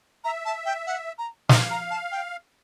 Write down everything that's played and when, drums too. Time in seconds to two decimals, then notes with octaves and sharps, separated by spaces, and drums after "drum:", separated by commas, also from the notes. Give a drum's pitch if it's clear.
0.24 E5 A#5
0.45 A5
0.66 G5
0.87 F#5
1.18 A#5
1.49 F5 A#5, drum: snare
1.71 A#5
1.91 A5
2.12 G5